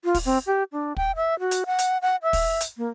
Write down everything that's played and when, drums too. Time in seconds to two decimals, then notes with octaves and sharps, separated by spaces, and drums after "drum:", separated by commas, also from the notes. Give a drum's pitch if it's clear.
0.04 F4
0.15 drum: kick, open hi-hat
0.26 C4
0.47 G4
0.73 D4
0.96 G5, drum: kick
1.16 E5
1.40 F#4
1.51 drum: hi-hat
1.66 F#5
1.78 drum: hi-hat
2.02 F#5
2.23 E5
2.33 drum: kick, open hi-hat
2.60 drum: hi-hat
2.77 A#3